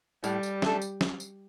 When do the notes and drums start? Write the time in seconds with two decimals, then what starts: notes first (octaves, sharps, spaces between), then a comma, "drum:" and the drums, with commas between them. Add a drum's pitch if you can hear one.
0.24 A2 G3, drum: tambourine
0.43 drum: tambourine
0.62 A3 D4 A4, drum: snare
0.82 drum: tambourine
1.01 drum: snare
1.20 drum: tambourine